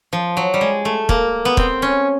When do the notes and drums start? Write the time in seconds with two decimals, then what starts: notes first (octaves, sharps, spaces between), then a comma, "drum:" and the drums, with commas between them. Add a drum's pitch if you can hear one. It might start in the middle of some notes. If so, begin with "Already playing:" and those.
0.13 F3
0.37 F#3
0.54 G3
0.61 G#3
0.85 A3
1.09 A#3, drum: kick
1.45 B3
1.57 C4, drum: kick
1.82 C#4